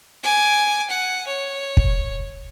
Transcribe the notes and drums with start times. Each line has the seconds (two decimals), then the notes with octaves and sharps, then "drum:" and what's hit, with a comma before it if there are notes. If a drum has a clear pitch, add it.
0.24 G#5 D6
0.90 F#5
1.27 C#5
1.77 drum: kick